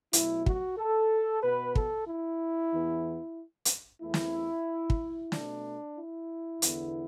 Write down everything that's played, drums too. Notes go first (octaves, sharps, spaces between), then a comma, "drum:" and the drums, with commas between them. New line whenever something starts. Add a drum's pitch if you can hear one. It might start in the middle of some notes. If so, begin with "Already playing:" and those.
B2 F#3 A3 E4, drum: hi-hat
F#4, drum: kick
A4
B2 B3 B4
A4, drum: kick
E4
E2 E3 B3
drum: hi-hat
E2 E3 A3 E4
drum: snare
drum: kick
B2 A3 D4, drum: snare
E4
E2 D3 B3, drum: hi-hat